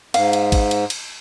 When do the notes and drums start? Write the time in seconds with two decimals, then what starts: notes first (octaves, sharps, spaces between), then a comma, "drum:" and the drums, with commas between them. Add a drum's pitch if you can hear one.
0.14 G#2 F5, drum: cymbal
0.33 drum: cymbal
0.52 drum: kick G#1, cymbal
0.71 drum: cymbal
0.90 drum: cymbal